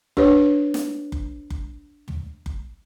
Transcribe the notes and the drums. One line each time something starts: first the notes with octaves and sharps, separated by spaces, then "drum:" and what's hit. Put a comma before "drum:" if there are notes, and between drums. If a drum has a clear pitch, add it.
D4 G4 B4 C#5, drum: kick F#1
drum: snare
drum: kick F#1
drum: kick F#1
drum: tom
drum: kick F#1